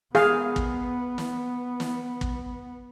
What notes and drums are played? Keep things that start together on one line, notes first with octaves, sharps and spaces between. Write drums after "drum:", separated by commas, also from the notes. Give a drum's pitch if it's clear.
B3 G#4 F5, drum: snare
drum: kick
drum: snare
drum: snare
drum: kick